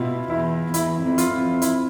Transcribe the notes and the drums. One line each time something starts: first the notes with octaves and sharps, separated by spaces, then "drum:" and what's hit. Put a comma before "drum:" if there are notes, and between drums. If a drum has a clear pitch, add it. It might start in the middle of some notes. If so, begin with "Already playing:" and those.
Already playing: B2 E4 F4
E2 E4
E2 E4, drum: hi-hat
F2
F4, drum: hi-hat
F2
E4, drum: hi-hat